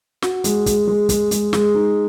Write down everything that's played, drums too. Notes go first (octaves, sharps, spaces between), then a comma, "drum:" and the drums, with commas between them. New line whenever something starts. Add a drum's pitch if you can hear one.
F#4, drum: snare
G#3, drum: hi-hat
G#3, drum: kick, hi-hat
G#3
G#3, drum: kick, hi-hat
G#3, drum: hi-hat
G#3, drum: snare
D#4